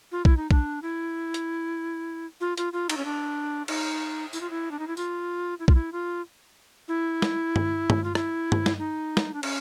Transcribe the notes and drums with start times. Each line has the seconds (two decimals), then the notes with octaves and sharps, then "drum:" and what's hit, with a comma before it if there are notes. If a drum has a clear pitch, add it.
0.12 F4
0.25 E4, drum: kick
0.37 D#4
0.51 D4, drum: kick
0.82 E4
1.34 drum: hi-hat
2.41 F4
2.57 F4, drum: hi-hat
2.73 F4
2.90 D#4, drum: cymbal
2.97 C#4
3.05 D4
3.68 D#4, drum: cymbal
4.33 E4, drum: tambourine
4.41 F4
4.50 E4
4.71 D4
4.79 D#4
4.87 E4
4.97 F4, drum: tambourine
5.59 E4
5.68 F4, drum: kick
5.75 E4
5.93 F4
6.88 E4
7.22 drum: snare
7.56 drum: tom G2
7.90 drum: tom G2
8.04 F4
8.15 E4, drum: rim click
8.52 drum: tom G2
8.66 drum: snare
8.79 D#4
9.17 drum: snare
9.34 D4
9.43 C#4, drum: cymbal